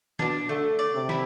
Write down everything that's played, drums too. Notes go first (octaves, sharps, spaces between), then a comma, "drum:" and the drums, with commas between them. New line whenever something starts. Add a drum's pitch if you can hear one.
B2 D4, drum: snare
D3 A3
D5
C3
E4, drum: snare